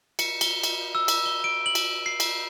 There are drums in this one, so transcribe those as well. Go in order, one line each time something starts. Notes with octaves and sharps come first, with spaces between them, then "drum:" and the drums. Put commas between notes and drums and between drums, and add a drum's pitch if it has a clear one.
C#7, drum: cymbal
G7, drum: cymbal
drum: cymbal
E6
drum: cymbal
G7
D7
F#7
drum: cymbal
C7
drum: cymbal